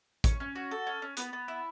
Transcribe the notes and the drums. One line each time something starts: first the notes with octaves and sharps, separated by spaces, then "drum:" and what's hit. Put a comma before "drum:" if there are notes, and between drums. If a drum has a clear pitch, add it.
C#4 C#6, drum: kick, hi-hat
C#4
F#4
A4
C#4
C#4
B3 B5, drum: hi-hat
B3
E4